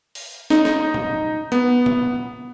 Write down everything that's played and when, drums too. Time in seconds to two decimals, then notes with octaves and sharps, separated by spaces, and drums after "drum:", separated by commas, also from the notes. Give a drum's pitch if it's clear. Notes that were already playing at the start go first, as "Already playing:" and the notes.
0.15 drum: open hi-hat
0.50 D#4, drum: snare
0.65 drum: snare
0.94 drum: tom
1.52 B3, drum: hi-hat
1.86 drum: tom